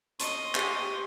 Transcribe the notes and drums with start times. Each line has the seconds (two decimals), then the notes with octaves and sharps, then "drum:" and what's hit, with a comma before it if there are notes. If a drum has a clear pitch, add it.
0.20 D#5 C6 C#6, drum: hi-hat
0.55 G4, drum: clap